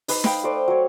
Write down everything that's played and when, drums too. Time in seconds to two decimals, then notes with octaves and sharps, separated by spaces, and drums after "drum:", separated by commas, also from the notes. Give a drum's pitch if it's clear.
0.08 D#4 B4 D#6 E6, drum: open hi-hat
0.24 F5 G5 B5, drum: snare
0.44 A3 C5 D5
0.68 F#3 C#5